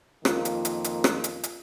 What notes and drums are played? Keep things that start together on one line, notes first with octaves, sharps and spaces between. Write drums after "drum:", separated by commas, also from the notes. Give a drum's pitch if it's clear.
F2 D#3 A#3 F4, drum: rim click
drum: hi-hat
drum: hi-hat
drum: hi-hat
drum: rim click
drum: hi-hat
drum: hi-hat